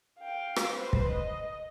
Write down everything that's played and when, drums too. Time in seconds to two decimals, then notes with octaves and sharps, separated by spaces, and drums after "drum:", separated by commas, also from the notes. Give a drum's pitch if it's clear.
0.20 F5 G5
0.56 drum: rim click
0.73 B4 C5
0.93 drum: kick
1.10 D#5